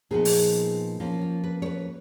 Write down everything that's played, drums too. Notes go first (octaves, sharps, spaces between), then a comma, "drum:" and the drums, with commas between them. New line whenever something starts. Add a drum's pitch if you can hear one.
A#2 F3 B3 D#4 G#4
drum: open hi-hat
F3 A#3 C#4 F4
F4
B4
C#5
B4